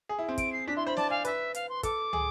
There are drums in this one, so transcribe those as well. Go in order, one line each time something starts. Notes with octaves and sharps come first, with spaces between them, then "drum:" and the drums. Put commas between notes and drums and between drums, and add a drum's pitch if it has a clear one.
G#4
E4
C4
D7, drum: kick, hi-hat
C7
D4 B6
E4 C6
C5 B5
D5 A5, drum: snare
F5 G#5
B4 E5, drum: hi-hat
F5, drum: hi-hat
C6
A4 D6, drum: kick, hi-hat
G#4, drum: tom